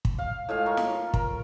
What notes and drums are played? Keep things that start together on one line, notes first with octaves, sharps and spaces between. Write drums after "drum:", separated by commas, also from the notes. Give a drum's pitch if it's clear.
drum: kick
F5
A2 G#3 F4 F5
A#4 C#6
drum: snare
A#4, drum: kick